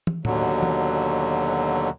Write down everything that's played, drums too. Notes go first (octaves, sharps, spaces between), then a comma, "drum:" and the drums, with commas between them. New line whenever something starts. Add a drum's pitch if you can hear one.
drum: tom
D#2 B2 D3 F#3, drum: tom A2
drum: tom